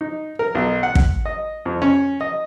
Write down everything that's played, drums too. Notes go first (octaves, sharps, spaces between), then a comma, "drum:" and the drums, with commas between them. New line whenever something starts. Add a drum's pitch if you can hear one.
D#4
A#4
B1
F#5
drum: kick
D#5
F2
C#4
D#5